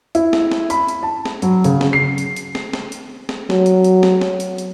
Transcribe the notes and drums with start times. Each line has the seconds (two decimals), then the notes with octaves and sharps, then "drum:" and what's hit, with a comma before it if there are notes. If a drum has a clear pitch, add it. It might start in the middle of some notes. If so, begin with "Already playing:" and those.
0.15 E4, drum: hi-hat
0.33 drum: snare
0.51 drum: snare
0.70 B5, drum: hi-hat
0.88 drum: hi-hat
1.03 A5
1.25 drum: snare
1.42 F#3, drum: hi-hat
1.64 C#3, drum: hi-hat
1.81 drum: snare
1.93 C7
2.18 drum: hi-hat
2.36 drum: hi-hat
2.55 drum: snare
2.73 drum: snare
2.92 drum: hi-hat
3.29 drum: snare
3.50 F#3, drum: snare
3.66 drum: hi-hat
3.84 drum: hi-hat
4.03 drum: snare
4.21 drum: snare
4.40 drum: hi-hat
4.58 drum: hi-hat